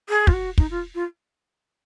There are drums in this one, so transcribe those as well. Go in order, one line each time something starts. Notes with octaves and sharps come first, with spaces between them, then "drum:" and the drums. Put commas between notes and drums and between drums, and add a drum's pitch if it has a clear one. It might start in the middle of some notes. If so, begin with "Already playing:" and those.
G#4
F4, drum: kick
F#4
D#4, drum: kick
F4
F4